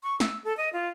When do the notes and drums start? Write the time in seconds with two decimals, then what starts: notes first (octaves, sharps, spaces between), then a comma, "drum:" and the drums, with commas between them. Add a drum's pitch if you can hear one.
0.03 C#6
0.20 E6, drum: snare
0.44 A4
0.57 D#5
0.73 F4